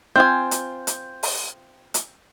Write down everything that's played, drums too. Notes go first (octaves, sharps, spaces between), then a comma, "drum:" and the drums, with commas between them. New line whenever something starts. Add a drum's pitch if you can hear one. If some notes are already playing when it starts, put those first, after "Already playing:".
C4 F4 G#5 G6
drum: hi-hat
drum: hi-hat
drum: open hi-hat
drum: hi-hat